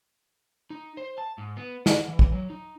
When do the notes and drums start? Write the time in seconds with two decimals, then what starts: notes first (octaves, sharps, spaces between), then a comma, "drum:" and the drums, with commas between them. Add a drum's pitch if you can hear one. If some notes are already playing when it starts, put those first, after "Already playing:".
0.70 D#4
0.97 C5
1.18 A5
1.38 G#2
1.57 B3
1.86 F#5, drum: snare
2.08 E3
2.19 drum: kick
2.32 F#3
2.50 D#4